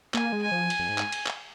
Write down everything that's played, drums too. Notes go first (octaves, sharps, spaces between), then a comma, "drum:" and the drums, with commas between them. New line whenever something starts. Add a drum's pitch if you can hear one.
A#3 G#5, drum: clap
G#3
G#5
F3
drum: cymbal
F2
G#2
drum: clap
drum: cymbal
drum: clap